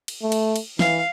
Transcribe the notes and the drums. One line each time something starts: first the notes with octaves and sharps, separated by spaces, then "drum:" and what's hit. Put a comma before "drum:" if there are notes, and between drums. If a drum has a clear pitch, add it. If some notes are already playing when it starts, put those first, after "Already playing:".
drum: cymbal
A3
drum: cymbal
drum: cymbal
E3 F5, drum: snare